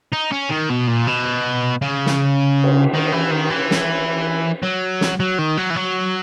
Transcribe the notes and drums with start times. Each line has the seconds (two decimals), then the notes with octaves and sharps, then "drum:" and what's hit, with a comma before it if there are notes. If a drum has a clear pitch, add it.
0.12 D#4
0.32 C#4
0.49 D#3
0.69 B2
0.87 A#2
1.07 B2
1.82 C#3
2.06 drum: snare
2.64 drum: cymbal
2.94 D#3
3.13 E3
3.31 D#3
3.50 E3
3.71 drum: snare
4.62 F#3
5.01 drum: snare
5.20 F#3
5.39 D#3
5.57 F#3
5.70 E3
5.76 F#3